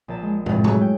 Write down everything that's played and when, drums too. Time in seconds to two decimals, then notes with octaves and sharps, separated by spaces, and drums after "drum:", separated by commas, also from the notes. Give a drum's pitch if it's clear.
0.08 A#1 A5 E7
0.23 G#3
0.46 F1 A2 C#4 A6, drum: tom
0.64 F#3 A3 F#4 G#4, drum: tom
0.81 G5